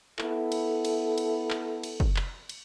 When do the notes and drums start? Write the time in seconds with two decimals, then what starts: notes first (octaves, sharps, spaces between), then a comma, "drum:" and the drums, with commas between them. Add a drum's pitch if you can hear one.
0.19 B3 E4 A4, drum: clap
0.52 drum: cymbal
0.85 drum: cymbal
1.18 drum: cymbal
1.51 drum: clap
1.83 drum: cymbal
2.00 drum: kick
2.16 drum: clap
2.49 drum: cymbal